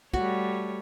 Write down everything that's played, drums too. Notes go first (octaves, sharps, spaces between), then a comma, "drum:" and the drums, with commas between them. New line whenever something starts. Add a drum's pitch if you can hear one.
G3 A3 F#4 C#5, drum: kick